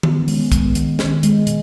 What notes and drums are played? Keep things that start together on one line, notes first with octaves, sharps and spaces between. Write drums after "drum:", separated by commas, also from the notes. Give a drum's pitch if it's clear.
D#3 B3, drum: tom D#3
C#4
G#3, drum: open hi-hat
B3
G#3, drum: kick, hi-hat
B3
D#3, drum: hi-hat
D#3, drum: snare
G#3, drum: hi-hat
A#2, drum: hi-hat